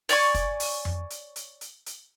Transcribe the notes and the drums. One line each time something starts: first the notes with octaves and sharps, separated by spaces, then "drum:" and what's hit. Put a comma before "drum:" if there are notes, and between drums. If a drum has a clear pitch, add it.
C#5 D5 G#5 C#6, drum: open hi-hat
drum: kick, hi-hat
drum: open hi-hat
drum: tom F2
drum: hi-hat
drum: hi-hat
drum: hi-hat
drum: hi-hat